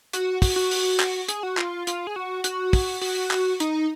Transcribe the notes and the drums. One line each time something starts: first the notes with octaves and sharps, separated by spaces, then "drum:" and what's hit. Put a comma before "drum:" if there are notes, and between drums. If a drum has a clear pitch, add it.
F#4, drum: hi-hat
F#4, drum: kick, open hi-hat
F#4
drum: open hi-hat
drum: clap
G#4, drum: hi-hat
F#4
F4, drum: clap
F4, drum: hi-hat
G#4
F#4
F#4, drum: hi-hat
drum: kick, open hi-hat
F#4, drum: open hi-hat
drum: clap
D#4, drum: hi-hat